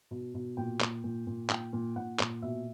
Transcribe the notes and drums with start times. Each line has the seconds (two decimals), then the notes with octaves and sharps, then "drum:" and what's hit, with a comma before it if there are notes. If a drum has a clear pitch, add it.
0.11 B2
0.34 B2
0.57 A#2 G5
0.81 A#2, drum: clap
1.04 A#2
1.27 A#2
1.50 A#2 G5, drum: clap
1.73 A#2
1.96 A#2 F#5
2.20 A#2, drum: clap
2.42 B2 E5